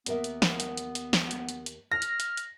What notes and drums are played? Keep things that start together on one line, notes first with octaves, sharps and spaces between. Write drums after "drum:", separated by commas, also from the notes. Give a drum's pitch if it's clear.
D#2 B3 A#4 E5, drum: hi-hat
drum: hi-hat
drum: snare
drum: hi-hat
drum: hi-hat
drum: hi-hat
drum: snare
drum: hi-hat
drum: hi-hat
drum: hi-hat
F6 A#6
drum: hi-hat
drum: hi-hat
drum: hi-hat